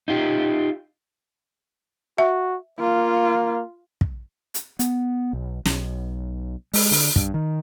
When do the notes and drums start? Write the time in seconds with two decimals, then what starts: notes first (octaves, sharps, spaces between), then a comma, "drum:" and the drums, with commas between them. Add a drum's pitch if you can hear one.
0.08 D#4 F4 G4
2.18 F#4 E5
2.80 A#3 F4
4.01 drum: kick
4.54 drum: hi-hat
4.79 B3, drum: hi-hat
5.33 B1
5.65 B1, drum: snare
6.74 G#3, drum: open hi-hat
6.91 D3, drum: open hi-hat
7.16 G2, drum: kick
7.34 D#3